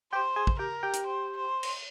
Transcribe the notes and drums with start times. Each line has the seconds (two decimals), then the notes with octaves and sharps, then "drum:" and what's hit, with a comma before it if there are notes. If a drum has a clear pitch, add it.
0.12 G4 C5 G5
0.36 G#4 G#5
0.47 drum: kick
0.59 G4 A#4 G5
0.83 G4 G5
0.94 drum: hi-hat
1.06 C5
1.37 C5
1.63 drum: cymbal